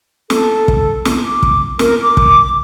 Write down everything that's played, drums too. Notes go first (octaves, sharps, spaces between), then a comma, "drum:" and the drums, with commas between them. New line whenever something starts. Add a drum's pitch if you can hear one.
A4, drum: snare
drum: kick
drum: snare
D6
drum: kick
A#4, drum: snare
D6
drum: kick